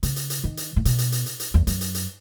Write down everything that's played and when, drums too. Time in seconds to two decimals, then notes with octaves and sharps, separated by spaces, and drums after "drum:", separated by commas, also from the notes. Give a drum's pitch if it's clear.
0.03 C#3, drum: hi-hat
0.16 drum: hi-hat
0.30 drum: hi-hat
0.44 D#3
0.57 drum: hi-hat
0.76 A2
0.85 B2, drum: hi-hat
0.98 drum: hi-hat
1.12 drum: hi-hat
1.26 drum: hi-hat
1.40 drum: hi-hat
1.54 E2
1.67 F#2, drum: hi-hat
1.81 drum: hi-hat
1.94 drum: hi-hat